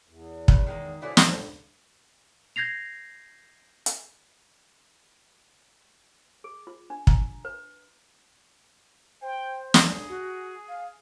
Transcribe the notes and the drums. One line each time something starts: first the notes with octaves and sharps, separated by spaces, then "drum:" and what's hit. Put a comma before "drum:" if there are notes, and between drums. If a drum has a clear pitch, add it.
E2
A#2 C#3 B4, drum: kick
D#3 G#3 A#3
D3 F3 F#3 E4 G#4 D5
A2 F3, drum: snare
G6 G#6 A#6 C7 F7
drum: hi-hat
G#4
F4
D4
A#5, drum: kick
B4
C5 G5
G#4, drum: snare
F#4
F5